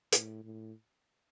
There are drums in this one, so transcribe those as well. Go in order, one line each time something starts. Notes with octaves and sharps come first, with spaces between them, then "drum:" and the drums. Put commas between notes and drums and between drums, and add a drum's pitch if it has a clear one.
A2, drum: hi-hat
A2